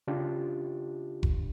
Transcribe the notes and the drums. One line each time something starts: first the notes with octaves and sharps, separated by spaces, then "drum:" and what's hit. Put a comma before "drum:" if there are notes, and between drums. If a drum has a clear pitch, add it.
C#3 D4 F4 G4
drum: kick F1